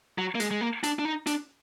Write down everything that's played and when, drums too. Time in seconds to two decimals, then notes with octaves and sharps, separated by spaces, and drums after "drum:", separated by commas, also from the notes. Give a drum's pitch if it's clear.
0.18 F#3
0.35 A#3
0.40 G#3, drum: hi-hat
0.51 G#3
0.61 A#3
0.83 D4, drum: hi-hat
0.99 D4
1.05 D#4
1.27 D4, drum: hi-hat